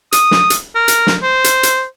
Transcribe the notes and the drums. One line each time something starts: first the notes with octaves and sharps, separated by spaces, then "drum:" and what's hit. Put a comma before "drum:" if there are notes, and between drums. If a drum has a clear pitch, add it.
D#6, drum: hi-hat
drum: snare
drum: hi-hat
A#4
drum: hi-hat
drum: snare
C5
drum: hi-hat
drum: hi-hat